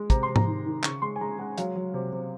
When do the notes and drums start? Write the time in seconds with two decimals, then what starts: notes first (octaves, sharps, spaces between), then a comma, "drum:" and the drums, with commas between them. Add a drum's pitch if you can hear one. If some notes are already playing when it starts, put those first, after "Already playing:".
Already playing: G#3
0.10 C3 A#5, drum: kick, hi-hat
0.23 C6
0.28 C3
0.36 A#5, drum: tom G#2
0.47 D#3
0.66 D#3
0.84 C#3 C#6, drum: clap
1.02 G#3 C6
1.16 G#5
1.21 G#3 A#5
1.38 G#3 F#5
1.58 F#3 F5, drum: hi-hat
1.76 F#3
1.94 C3
2.13 C3